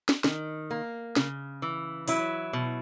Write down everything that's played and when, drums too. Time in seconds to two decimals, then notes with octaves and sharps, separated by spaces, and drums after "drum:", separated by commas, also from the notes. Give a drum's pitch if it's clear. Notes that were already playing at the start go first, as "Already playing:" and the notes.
0.09 drum: snare
0.24 D#3, drum: snare
0.71 A#3
1.16 C#3, drum: snare
1.62 E3
2.08 F#3 E4, drum: open hi-hat
2.53 B2